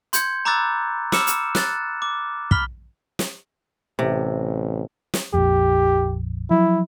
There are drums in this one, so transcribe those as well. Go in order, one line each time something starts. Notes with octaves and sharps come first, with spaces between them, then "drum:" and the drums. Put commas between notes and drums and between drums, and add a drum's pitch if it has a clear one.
C6 G6 G#6 C#7, drum: hi-hat
A#5 B5 D6 E6 F#6 A6
B5 D6 E6 F6 C#7 E7, drum: snare
drum: hi-hat
F#6 A6, drum: snare
D6
B5 F6 B6 G7, drum: kick
drum: snare
A1 C3
drum: snare
A#1 F2 G4
F3 F#3 E4